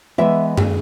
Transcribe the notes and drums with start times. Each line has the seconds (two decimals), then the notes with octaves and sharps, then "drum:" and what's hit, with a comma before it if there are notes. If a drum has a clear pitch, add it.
0.18 E3 G#3 B3 E5
0.57 G#4, drum: tom F#2